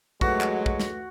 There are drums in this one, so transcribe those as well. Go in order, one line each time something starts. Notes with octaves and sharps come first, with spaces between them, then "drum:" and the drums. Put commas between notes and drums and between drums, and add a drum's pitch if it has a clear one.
E3 F#3 G#3 A3 F#4 D6, drum: kick
drum: clap
drum: kick
drum: snare